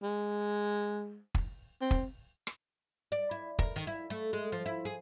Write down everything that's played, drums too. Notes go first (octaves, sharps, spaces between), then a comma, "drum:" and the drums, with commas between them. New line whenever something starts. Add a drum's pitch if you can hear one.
G#3
drum: kick
C4
drum: kick
drum: rim click
D5
E4
A#4, drum: kick
D#3
E4
A3
G#3
F3
E4
G#4